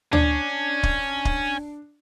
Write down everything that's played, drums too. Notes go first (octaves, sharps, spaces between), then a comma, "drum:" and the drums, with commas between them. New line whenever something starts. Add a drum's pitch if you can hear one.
C#4 D4, drum: tom
drum: kick
drum: kick